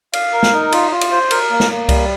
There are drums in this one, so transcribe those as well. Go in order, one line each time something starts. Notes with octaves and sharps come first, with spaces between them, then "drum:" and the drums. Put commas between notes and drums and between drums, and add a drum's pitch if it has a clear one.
F5, drum: cymbal
A#4
drum: snare
D#4
F4, drum: cymbal
F4
drum: cymbal
C5
A#4, drum: cymbal
A#3
drum: snare
A#3
G3, drum: kick C2, cymbal